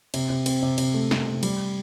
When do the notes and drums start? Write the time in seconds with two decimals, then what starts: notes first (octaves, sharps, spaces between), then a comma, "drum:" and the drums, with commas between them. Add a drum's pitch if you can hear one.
0.14 C3, drum: cymbal
0.30 C3
0.46 C4, drum: cymbal
0.62 C3
0.78 C3, drum: cymbal
0.94 A3
1.11 C3, drum: snare
1.27 C3
1.43 G3, drum: cymbal